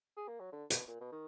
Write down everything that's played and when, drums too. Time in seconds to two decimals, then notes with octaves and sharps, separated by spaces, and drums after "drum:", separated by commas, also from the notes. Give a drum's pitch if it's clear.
0.17 G#4
0.28 A#3
0.40 F#3
0.52 D3
0.70 B2, drum: hi-hat
0.88 A#2
1.00 B2
1.12 D#3